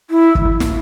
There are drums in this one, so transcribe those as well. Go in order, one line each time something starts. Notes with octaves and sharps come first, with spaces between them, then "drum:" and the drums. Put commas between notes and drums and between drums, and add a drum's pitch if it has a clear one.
E4
drum: kick
drum: snare